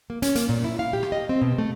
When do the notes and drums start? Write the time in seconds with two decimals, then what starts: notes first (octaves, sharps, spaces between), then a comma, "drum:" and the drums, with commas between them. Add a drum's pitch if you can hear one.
0.10 A#3
0.22 C#4, drum: hi-hat
0.35 A#3, drum: hi-hat
0.49 A#2
0.64 E4
0.79 F5
0.93 G4
1.03 drum: rim click
1.12 D#5
1.29 C4
1.42 B2
1.58 A3